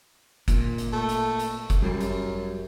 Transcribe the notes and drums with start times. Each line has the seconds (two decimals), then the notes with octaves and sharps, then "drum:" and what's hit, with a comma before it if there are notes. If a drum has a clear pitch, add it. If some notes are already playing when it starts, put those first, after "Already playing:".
0.48 A#2, drum: kick, hi-hat
0.78 drum: hi-hat
0.93 A3
1.09 drum: hi-hat
1.39 drum: hi-hat
1.70 drum: kick, hi-hat
1.82 F#2 G3
2.00 drum: hi-hat